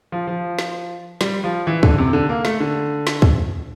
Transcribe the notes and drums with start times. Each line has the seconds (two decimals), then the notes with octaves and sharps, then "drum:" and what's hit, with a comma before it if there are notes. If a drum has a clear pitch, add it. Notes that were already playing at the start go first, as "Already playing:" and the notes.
0.12 F3
0.27 F3
0.59 drum: snare
1.21 G3, drum: snare
1.44 F3
1.67 E3
1.83 D3, drum: kick
1.98 C3
2.13 D3
2.29 A#3
2.45 A3, drum: snare
2.60 D3
3.07 drum: snare
3.22 drum: kick